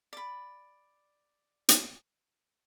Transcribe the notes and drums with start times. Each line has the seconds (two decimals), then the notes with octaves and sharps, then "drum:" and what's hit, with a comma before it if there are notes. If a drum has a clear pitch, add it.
0.13 D5 B5
1.69 drum: hi-hat